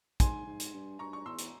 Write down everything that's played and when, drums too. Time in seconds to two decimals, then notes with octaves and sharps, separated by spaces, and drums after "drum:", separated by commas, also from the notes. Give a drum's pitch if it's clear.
0.20 G#2 G#5 C6, drum: kick, hi-hat
0.46 G#2
0.60 drum: hi-hat
0.74 G2
0.99 G2 A#5 C#6
1.13 C#6
1.26 E2 C6 E6
1.39 drum: hi-hat